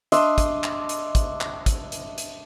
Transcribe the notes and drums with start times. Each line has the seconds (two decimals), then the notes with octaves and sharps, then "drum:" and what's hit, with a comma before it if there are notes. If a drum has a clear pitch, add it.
0.12 D4 D#5 E5 C6, drum: hi-hat
0.38 drum: kick, hi-hat
0.63 drum: clap
0.89 drum: hi-hat
1.15 drum: kick, hi-hat
1.41 drum: clap
1.66 drum: kick, hi-hat
1.92 drum: hi-hat
2.18 drum: hi-hat